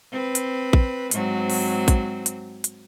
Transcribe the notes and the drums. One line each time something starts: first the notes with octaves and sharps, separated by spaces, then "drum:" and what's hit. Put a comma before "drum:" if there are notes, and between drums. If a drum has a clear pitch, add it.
C4 B4
drum: hi-hat
drum: kick
G#2 F#3 C4, drum: hi-hat
drum: open hi-hat
drum: kick, hi-hat
drum: hi-hat
drum: hi-hat